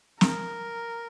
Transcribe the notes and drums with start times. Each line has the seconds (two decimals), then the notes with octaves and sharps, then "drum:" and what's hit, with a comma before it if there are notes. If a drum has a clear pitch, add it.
0.21 A#4, drum: snare